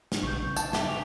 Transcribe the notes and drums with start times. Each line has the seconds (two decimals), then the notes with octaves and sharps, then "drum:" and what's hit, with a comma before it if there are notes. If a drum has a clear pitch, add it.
0.12 drum: snare
0.23 A#1 B2 C#6 G6
0.44 C#3
0.56 A5, drum: tambourine
0.73 A3 G4, drum: snare
0.88 G#5 D6 F7